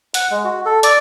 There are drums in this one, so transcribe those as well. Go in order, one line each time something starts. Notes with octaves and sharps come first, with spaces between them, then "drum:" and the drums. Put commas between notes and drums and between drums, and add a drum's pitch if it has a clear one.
F#5, drum: hi-hat
G#3
F#4
A4
D5, drum: hi-hat